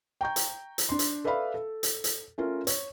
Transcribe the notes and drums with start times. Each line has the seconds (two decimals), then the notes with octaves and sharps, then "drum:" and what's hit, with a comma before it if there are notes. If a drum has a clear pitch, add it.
0.21 G5 A#5 C#6 G6
0.36 drum: hi-hat
0.78 drum: hi-hat
0.89 D4 C6
0.99 drum: hi-hat
1.24 A4 B4 D5 E5 F5 B5
1.54 A4
1.83 drum: hi-hat
2.04 drum: hi-hat
2.38 A3 C#4 F4 A#4
2.67 C#5, drum: hi-hat